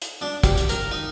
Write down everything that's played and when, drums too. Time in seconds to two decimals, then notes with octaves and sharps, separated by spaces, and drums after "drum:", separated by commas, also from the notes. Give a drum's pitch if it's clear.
0.02 drum: hi-hat
0.21 D4
0.44 G4, drum: kick, hi-hat
0.57 drum: hi-hat
0.69 A#4, drum: hi-hat
0.91 D#4